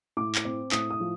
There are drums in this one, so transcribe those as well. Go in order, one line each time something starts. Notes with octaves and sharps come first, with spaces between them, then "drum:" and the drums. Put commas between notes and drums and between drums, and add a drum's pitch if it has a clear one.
A2 D6
drum: clap
C4
A2 D#6, drum: clap
D#6
F3